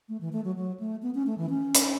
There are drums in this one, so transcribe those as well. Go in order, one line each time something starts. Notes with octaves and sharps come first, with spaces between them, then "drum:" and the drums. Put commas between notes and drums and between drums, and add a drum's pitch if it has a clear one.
A3
E3
A3
F#3
F#3
A3
B3
C#4
A3
E3
C#4
drum: hi-hat